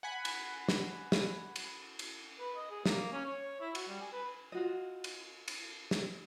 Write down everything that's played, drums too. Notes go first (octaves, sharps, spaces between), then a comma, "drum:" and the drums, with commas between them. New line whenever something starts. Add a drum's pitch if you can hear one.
F#5 G#5 B5
drum: cymbal
drum: snare
drum: snare
drum: cymbal
drum: cymbal
B4
D#5
G#4
A#3, drum: snare
C#4
C#5
E4
F#4, drum: cymbal
G3
G#5
B4
F4 F#4 D#5
drum: cymbal
drum: cymbal
drum: snare